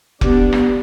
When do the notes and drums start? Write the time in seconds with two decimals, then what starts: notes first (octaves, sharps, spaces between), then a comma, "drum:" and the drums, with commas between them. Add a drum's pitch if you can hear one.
0.21 G3 B3 D4, drum: kick F1
0.52 drum: rim click